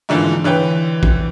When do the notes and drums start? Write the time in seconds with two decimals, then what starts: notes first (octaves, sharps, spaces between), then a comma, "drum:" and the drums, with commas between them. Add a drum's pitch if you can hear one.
0.09 G#2 D3 E3 F3 A#3
0.44 D3 E3 B4 C#5 G5
1.03 drum: kick A#1